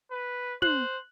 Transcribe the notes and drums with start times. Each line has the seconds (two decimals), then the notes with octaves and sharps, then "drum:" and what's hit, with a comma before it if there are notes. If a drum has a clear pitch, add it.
0.11 B4
0.62 C5 F#6 F#7, drum: tom